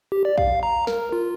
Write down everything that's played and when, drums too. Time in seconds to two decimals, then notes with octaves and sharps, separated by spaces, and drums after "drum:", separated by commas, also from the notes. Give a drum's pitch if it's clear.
0.12 G4
0.25 D5
0.38 F5, drum: kick
0.63 A#5
0.87 A#4, drum: snare
1.13 F4